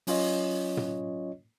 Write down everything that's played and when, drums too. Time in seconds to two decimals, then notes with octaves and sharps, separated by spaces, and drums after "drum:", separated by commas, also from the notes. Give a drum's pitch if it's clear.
0.07 F#3 C#4 F4 C#5 D#5, drum: open hi-hat
0.77 drum: tom